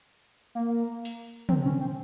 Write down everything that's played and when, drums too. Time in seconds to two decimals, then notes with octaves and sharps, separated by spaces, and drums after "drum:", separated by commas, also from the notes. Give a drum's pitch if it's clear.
0.55 A#3
1.05 drum: open hi-hat
1.49 C4, drum: tom
1.65 C#4
1.81 C4